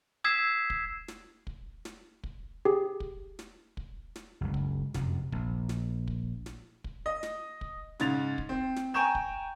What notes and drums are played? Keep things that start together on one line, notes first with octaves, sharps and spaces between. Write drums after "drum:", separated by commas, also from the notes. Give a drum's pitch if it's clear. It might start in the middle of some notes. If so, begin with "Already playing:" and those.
D#6 E6 G#6 B6 C7 E7
drum: kick
drum: snare
drum: kick
drum: snare
drum: kick
G4 G#4
drum: kick
drum: snare
drum: kick
drum: snare
F#1 C#2
drum: kick
F1 F#2 C3, drum: snare
A#1, drum: kick
drum: snare
drum: kick
drum: snare
drum: kick
D#5
drum: snare
drum: kick
G#2 C#3 A6 F7, drum: snare
drum: kick
C4
drum: snare
G5 G#5 A#5 C#6 G6 E7
drum: kick